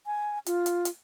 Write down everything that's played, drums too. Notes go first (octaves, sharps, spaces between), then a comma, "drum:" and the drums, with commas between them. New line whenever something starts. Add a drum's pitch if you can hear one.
G#5
F4, drum: hi-hat
drum: hi-hat
drum: hi-hat